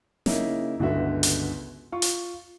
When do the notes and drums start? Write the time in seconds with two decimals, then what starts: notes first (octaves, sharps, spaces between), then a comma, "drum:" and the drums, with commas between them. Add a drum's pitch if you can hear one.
0.26 C#3 A#3 C#4 D#4 E4, drum: snare
0.79 G1 C#2 D3 F#4 E5
1.23 drum: hi-hat
1.92 F4 C#6
2.02 drum: hi-hat